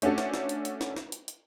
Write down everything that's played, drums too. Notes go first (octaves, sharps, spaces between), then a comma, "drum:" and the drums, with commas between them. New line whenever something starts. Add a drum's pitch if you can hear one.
A3 C#4 D4 F#4 A4, drum: hi-hat
drum: snare
drum: snare
drum: hi-hat
drum: hi-hat
drum: snare
drum: snare
drum: hi-hat
drum: hi-hat